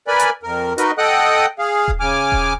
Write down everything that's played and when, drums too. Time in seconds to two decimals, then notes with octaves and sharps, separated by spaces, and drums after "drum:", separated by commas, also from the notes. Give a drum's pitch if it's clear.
0.08 A#4 B4 D5 G#5 B5
0.20 drum: hi-hat
0.43 F2 A#4
0.78 D#4 F#4 A#4 B4 D#5, drum: hi-hat
0.98 A4 D#5 F#5 G5 D#6 F#6
1.59 G#4 F5
1.88 drum: kick D#1
2.00 C#3 G#5 D6 F6
2.32 drum: kick D#1